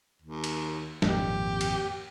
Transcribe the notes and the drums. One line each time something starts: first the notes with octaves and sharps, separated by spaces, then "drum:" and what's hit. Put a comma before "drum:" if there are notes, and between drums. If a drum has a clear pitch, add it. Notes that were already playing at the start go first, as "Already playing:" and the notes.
D#2
drum: cymbal
G#1 F2 A#2 G4, drum: snare
drum: cymbal